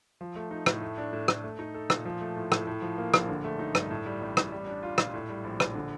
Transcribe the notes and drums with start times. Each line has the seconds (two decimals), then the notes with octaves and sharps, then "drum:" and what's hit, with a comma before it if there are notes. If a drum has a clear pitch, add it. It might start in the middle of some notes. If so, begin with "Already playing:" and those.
0.21 F3
0.36 A3
0.51 D#4
0.66 A2, drum: rim click
0.82 A3
0.98 D4
1.13 A2
1.28 A2, drum: rim click
1.44 A3
1.59 D#4
1.75 A4
1.90 A#2, drum: rim click
2.05 F3
2.21 A3
2.36 A2
2.52 A2, drum: rim click
2.67 A2
2.82 F3
2.98 A#3
3.14 A#1, drum: rim click
3.29 D3
3.44 A3
3.59 D#4
3.75 G2, drum: rim click
3.91 A2
4.06 G3
4.21 A1
4.37 A1, drum: rim click
4.52 G3
4.67 D4
4.83 F4
4.98 A#2, drum: rim click
5.14 A2
5.29 G3
5.44 A#1
5.60 A#1, drum: rim click
5.75 D3